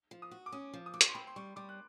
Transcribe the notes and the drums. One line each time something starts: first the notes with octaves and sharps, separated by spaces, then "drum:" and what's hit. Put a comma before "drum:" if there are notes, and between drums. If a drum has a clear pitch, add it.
F3
D#6
F#4
D6
C#4 D#6
F3
D#6
F#4 D6
C#6, drum: hi-hat
C6
C4 B5
C6
G3 C#6
G3 D6
F#6